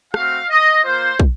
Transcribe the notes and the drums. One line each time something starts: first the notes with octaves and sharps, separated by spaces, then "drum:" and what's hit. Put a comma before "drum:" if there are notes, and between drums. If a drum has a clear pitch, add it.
A3 C4 F#4 F5, drum: rim click
D#5
A#3 F4 C5
drum: kick